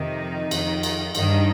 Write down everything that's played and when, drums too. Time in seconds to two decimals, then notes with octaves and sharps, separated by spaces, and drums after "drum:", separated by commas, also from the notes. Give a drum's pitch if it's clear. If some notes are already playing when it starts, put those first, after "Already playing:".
Already playing: F2 C3 D#3 D#4
0.51 F2 D#3, drum: cymbal
0.83 drum: cymbal
1.15 G2 D#3 D#4, drum: cymbal